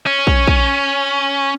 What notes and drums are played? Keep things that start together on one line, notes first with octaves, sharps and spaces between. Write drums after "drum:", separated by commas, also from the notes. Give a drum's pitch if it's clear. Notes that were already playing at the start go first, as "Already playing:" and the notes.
C#4
drum: kick
drum: kick